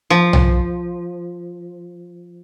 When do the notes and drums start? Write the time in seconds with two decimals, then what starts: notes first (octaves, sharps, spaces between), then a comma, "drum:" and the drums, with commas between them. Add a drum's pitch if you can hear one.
0.10 F3
0.33 drum: tom